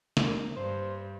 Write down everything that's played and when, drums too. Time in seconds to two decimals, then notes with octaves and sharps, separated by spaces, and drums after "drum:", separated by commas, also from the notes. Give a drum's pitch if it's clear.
0.17 A#3, drum: snare
0.56 G2 C5